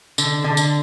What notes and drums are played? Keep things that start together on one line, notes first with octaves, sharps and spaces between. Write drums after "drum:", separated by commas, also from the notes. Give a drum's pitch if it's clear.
D3, drum: tambourine
D3
drum: tambourine